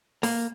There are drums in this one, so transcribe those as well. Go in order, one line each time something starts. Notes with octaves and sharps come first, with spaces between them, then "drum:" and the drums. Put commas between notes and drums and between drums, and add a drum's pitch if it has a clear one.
A#3, drum: open hi-hat